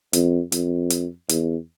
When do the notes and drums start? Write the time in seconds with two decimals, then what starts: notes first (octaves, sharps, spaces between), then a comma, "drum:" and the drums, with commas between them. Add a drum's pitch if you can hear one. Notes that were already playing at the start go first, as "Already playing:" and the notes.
0.13 F2, drum: hi-hat
0.52 F2, drum: hi-hat
0.90 drum: hi-hat
1.29 E2, drum: hi-hat